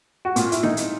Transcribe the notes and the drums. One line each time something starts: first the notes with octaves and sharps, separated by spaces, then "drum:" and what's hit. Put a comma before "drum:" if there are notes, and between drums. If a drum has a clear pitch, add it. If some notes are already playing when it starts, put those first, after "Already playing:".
F#4
A#2 F4, drum: hi-hat
E4, drum: hi-hat
A#2 D#4, drum: snare
drum: hi-hat